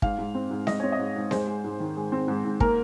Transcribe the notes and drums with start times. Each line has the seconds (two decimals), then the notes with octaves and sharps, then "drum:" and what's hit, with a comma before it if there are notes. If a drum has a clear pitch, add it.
0.02 G#2 F5, drum: kick
0.19 G#2
0.35 C4
0.51 G#2
0.67 G#2 D#5, drum: snare C4
0.80 C4 C#5
0.92 D#5
0.99 G#2
1.16 G#2
1.31 G#3 C5, drum: snare C4
1.47 G#3
1.64 G#2
1.80 D#3
1.97 G#3
2.12 C4
2.28 G#2
2.45 G#2
2.60 A#3 A#4, drum: kick